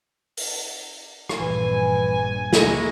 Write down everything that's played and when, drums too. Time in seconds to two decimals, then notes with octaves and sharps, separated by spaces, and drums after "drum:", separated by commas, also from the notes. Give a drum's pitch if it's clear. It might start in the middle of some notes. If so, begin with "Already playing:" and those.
0.37 drum: open hi-hat
1.29 drum: rim click
1.39 A#1 G2 E3 G#5
2.53 G#3 A#3 E4 A#5 C#6, drum: snare